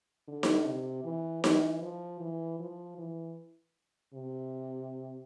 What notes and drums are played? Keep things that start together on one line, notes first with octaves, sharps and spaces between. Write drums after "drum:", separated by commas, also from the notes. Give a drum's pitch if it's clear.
D3
drum: snare D#4
C3
E3
E3, drum: snare D#4
F3
E3
F3
E3
C3